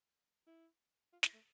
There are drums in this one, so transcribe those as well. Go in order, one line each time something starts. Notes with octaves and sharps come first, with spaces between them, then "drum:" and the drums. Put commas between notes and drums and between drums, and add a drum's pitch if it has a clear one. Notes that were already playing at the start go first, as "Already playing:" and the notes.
E4
F4
E4, drum: snare
A3